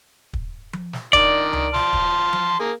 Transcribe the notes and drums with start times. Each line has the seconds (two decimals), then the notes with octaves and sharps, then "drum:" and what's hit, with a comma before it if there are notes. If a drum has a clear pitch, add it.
0.33 drum: kick
0.73 drum: tom F3
0.93 drum: snare
1.13 D#3 D4 D5, drum: kick
1.53 drum: tom C#2
1.74 A5 C6 F6, drum: snare
1.93 drum: kick
2.33 drum: tom F3
2.59 A#3 G#4